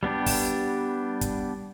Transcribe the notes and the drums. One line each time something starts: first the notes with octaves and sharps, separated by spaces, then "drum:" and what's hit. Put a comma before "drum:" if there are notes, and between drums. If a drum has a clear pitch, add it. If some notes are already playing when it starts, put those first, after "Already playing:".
G3 B3 D4 G4
drum: kick, open hi-hat
drum: kick, hi-hat